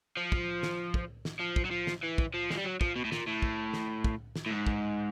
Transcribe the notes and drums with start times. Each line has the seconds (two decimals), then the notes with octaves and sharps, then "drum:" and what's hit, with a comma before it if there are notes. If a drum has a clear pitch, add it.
0.17 F3
0.32 drum: kick
0.63 drum: snare
0.94 drum: kick
1.25 drum: snare
1.40 F3
1.56 drum: kick
1.65 F#3
1.71 F3
1.87 drum: snare
2.03 E3
2.18 drum: kick
2.34 F3
2.50 G#3, drum: snare
2.57 G3
2.65 F#3
2.81 F3, drum: kick
2.96 B2
3.05 A2
3.12 A#2, drum: snare
3.27 A2
3.42 drum: kick
3.73 drum: snare
4.04 drum: kick
4.36 drum: snare
4.46 A2
4.51 G#2
4.67 drum: kick